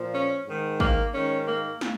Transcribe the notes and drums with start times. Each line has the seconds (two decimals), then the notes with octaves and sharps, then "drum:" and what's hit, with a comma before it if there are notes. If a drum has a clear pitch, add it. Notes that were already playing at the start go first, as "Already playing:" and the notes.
Already playing: A#2 F3
0.13 C#4
0.47 G#2 D#3
0.80 A#3, drum: kick
1.14 G#2 D#3 C#4
1.48 A#3
1.81 drum: snare